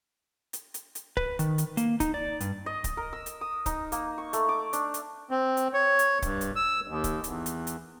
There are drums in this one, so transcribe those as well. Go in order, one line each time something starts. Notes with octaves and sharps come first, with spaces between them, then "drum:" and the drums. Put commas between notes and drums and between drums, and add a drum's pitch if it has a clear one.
drum: hi-hat
drum: hi-hat
drum: hi-hat
B4, drum: kick C#1
D#3, drum: hi-hat
drum: hi-hat
A#3, drum: hi-hat
D#4, drum: kick C#1, hi-hat
D5
G2, drum: hi-hat
D#5
drum: kick C#1, hi-hat
A#4
E6
drum: hi-hat
D#6
D#4, drum: kick C#1, hi-hat
A#3, drum: hi-hat
C#6
A3, drum: hi-hat
D6
D4, drum: hi-hat
drum: hi-hat
C4
drum: hi-hat
C#5
drum: hi-hat
G2, drum: kick C#1, hi-hat
drum: hi-hat
E6
D#2
drum: kick C#1, hi-hat
E2, drum: hi-hat
drum: hi-hat
drum: hi-hat